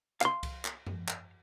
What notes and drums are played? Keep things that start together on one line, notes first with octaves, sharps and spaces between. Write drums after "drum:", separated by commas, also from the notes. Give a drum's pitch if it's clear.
F5 C6, drum: clap
drum: kick C2, cymbal
drum: clap
drum: tom F#2
drum: clap